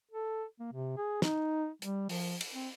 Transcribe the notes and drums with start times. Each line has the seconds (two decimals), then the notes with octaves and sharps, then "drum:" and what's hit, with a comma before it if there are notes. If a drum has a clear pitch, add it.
0.11 A4
0.60 A#3
0.73 C3
0.97 G#4
1.22 D#4, drum: snare
1.82 G3, drum: hi-hat
2.09 F3, drum: open hi-hat
2.41 drum: cymbal
2.53 C4